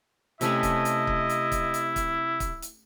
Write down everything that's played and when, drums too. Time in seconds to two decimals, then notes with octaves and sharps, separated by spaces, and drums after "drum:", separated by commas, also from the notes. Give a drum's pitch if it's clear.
0.41 C3 A3 C#4 E4 D#5, drum: hi-hat
0.63 drum: kick, hi-hat
0.85 drum: hi-hat
1.07 drum: kick
1.29 drum: hi-hat
1.52 drum: kick, hi-hat
1.74 drum: hi-hat
1.96 drum: kick, hi-hat
2.40 drum: kick, hi-hat
2.62 drum: hi-hat